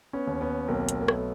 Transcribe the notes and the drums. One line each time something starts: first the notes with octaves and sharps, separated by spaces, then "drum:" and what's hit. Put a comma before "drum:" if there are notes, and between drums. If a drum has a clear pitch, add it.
B3 C#4
D#2
B3 C#4
B1 A#3 C4
drum: hi-hat
A#3
B1 A3 B3, drum: rim click